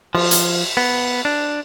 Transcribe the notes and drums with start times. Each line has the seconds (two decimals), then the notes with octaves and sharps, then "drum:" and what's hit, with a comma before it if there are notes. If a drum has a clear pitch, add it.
0.15 F3, drum: cymbal
0.31 drum: hi-hat
0.77 B3
1.25 D4